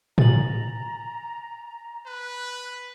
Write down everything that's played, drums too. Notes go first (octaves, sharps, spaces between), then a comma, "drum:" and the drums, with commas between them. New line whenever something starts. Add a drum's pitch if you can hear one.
G#5 A#5 A6 F#7, drum: tom A2
B4 F#6